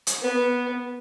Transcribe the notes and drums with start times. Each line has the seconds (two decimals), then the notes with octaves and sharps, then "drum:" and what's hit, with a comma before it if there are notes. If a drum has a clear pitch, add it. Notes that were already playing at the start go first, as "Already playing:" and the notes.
0.07 drum: hi-hat
0.22 B3